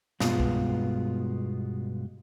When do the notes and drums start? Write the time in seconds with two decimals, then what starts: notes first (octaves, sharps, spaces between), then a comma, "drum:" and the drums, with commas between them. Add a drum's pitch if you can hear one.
0.20 G2 B2 G#3 B3 F4, drum: snare
0.40 drum: kick C2